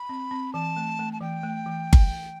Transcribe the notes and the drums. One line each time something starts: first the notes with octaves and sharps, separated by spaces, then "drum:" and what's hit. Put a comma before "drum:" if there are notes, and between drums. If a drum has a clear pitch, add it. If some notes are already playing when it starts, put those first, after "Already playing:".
Already playing: B5
C4
C4
E3 A5
A3
A3
A5
E3 G5
A3
E3
drum: kick G1